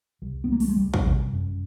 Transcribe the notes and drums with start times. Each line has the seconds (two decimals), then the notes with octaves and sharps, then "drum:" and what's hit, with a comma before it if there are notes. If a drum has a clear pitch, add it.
0.22 C2
0.44 B3
0.49 C2 A#3
0.60 A3, drum: open hi-hat
0.68 G#3
0.76 C2 G3
0.94 drum: kick
1.04 C3
1.31 F#2